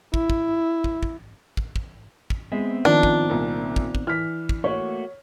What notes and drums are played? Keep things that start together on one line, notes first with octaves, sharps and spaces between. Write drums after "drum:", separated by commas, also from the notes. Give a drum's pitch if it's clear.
E4, drum: kick
drum: kick
drum: kick
drum: kick
drum: kick
drum: kick
drum: kick
G#3 B3 C4 E5
D#3 F3 D4
drum: kick
C2 A#2
drum: kick
drum: kick
E3 F6 B6
drum: kick
A3 A#3 F#4 C#5